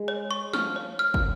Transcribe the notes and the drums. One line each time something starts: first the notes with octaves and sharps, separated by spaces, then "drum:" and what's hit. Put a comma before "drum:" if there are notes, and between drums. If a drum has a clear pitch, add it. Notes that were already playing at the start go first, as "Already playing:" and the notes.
Already playing: G#3
C#5
C#6
F3 F6, drum: snare
C#5
F6
drum: kick